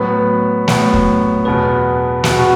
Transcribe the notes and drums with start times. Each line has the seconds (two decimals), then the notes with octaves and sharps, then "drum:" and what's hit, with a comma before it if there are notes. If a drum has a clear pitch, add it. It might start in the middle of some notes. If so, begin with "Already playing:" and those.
Already playing: A2 F#3 B3 B4
0.68 A2 F#3 B3, drum: snare
0.94 drum: kick
1.45 E2 B2 B3 B4
2.24 E2 B2 B3 F#4, drum: snare
2.39 F#4